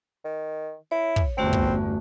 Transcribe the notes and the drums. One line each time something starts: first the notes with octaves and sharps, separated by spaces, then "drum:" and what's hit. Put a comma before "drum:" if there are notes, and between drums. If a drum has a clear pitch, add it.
D#3
E4 C#5
drum: kick
G1 E2 A3 C4 C#4 F#4
drum: kick